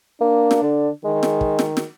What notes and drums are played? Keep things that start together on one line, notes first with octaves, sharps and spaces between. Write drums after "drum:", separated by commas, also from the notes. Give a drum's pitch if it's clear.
A#3 D4
drum: snare
D3
D#3 G#3
drum: snare
drum: kick
drum: snare
drum: snare